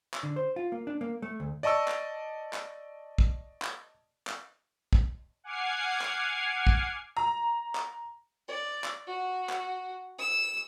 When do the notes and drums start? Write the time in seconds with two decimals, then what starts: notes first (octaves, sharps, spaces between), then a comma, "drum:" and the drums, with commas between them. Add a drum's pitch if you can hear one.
0.14 drum: clap
0.23 D3
0.36 C5
0.56 F4
0.72 A#3
0.87 D4
1.01 A#3
1.22 A3
1.40 D2
1.63 D5 D#5 A5 C#6 E6
1.88 drum: clap
2.53 drum: clap
3.18 drum: kick
3.62 drum: clap
4.27 drum: clap
4.93 drum: kick
5.44 F#5 G#5 D6 F6 G#6 C7
6.01 drum: clap
6.67 drum: kick
7.17 A#5
7.75 drum: clap
8.48 D5
8.84 drum: clap
9.07 F#4
9.50 drum: clap
10.19 E6